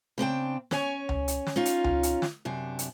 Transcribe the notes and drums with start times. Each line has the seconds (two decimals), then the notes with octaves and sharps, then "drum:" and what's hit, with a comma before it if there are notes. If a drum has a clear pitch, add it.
0.18 C#3 C4 D4 G5
0.71 C#4 C#5 G#5, drum: snare
1.09 drum: tom C#2
1.28 drum: hi-hat
1.47 drum: snare
1.56 C#4 D#4 F4
1.65 drum: hi-hat
1.84 drum: tom C#2
2.03 drum: hi-hat
2.22 drum: snare
2.45 F#2 C3 D4
2.79 drum: hi-hat